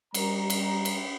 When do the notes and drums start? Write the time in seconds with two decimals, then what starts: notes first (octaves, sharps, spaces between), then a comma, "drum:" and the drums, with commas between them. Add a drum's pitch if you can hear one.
0.14 G3 A#4 A#5, drum: cymbal
0.50 drum: cymbal
0.85 drum: cymbal